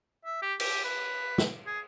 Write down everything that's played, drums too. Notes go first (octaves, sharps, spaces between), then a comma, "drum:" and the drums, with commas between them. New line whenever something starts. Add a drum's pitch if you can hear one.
E5
G4
G4, drum: cymbal
B4
drum: snare
G#4